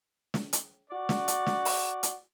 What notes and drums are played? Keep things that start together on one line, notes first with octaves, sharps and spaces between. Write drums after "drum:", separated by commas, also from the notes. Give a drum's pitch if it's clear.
drum: snare
drum: hi-hat
F#4 D5
drum: snare
drum: hi-hat
drum: snare
drum: open hi-hat
drum: hi-hat